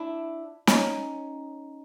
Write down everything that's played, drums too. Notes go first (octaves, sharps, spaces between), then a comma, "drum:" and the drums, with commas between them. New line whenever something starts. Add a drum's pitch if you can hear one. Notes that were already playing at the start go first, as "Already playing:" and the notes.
Already playing: D4 E4
C#4 D#4, drum: snare